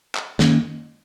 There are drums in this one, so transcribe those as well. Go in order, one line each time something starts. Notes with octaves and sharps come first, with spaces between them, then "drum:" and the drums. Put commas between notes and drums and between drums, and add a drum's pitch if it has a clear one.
drum: clap
D#3 A#3 C#4, drum: snare